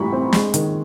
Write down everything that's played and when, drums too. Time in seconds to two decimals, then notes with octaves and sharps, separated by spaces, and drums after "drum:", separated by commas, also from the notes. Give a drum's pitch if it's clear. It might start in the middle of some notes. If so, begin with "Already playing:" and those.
Already playing: A2 E3 G3 A#5 B5 C#6
0.13 C4
0.33 G#3, drum: snare
0.54 D#3, drum: hi-hat